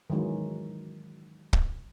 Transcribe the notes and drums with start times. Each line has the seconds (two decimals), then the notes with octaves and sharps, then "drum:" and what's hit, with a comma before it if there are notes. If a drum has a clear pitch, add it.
0.10 D#3 E3 F#3 G#3
1.53 drum: kick